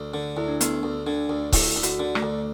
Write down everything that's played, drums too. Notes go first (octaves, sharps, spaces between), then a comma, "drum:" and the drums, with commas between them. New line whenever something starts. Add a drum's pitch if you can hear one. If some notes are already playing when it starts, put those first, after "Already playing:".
Already playing: D2
D3
D2 E4
D4
A3 B3, drum: hi-hat
D2
D3 D4
D2
A3 E4, drum: kick C#1, open hi-hat
D2
F#4, drum: hi-hat
D3
A3, drum: rim click
D2